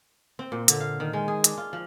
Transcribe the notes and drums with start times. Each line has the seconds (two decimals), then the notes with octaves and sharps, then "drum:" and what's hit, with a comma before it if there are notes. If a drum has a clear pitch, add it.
0.39 C4
0.52 A#2
0.68 D3, drum: hi-hat
0.80 F5
1.00 D#3
1.13 G#3
1.28 G#4
1.44 D4, drum: hi-hat
1.58 F4
1.73 F3